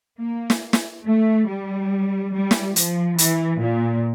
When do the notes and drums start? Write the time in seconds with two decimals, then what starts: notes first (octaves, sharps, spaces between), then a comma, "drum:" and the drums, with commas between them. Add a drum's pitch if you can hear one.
0.19 A#3
0.50 drum: snare
0.73 drum: snare
1.04 A3
1.47 G3
2.33 G3
2.51 drum: snare
2.76 F3, drum: hi-hat
3.18 E3, drum: hi-hat
3.61 A#2